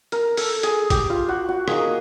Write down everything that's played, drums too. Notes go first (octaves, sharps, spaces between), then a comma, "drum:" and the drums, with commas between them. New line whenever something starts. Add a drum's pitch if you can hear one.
A#4, drum: hi-hat
A4, drum: open hi-hat
G#4, drum: hi-hat
G4, drum: kick G#1, hi-hat
F4
F#4
F#4
A#3 D#4 G#4, drum: rim click